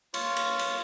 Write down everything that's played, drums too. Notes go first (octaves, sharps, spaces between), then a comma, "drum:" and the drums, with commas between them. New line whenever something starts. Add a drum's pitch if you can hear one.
F4 C#5, drum: cymbal
drum: cymbal
drum: cymbal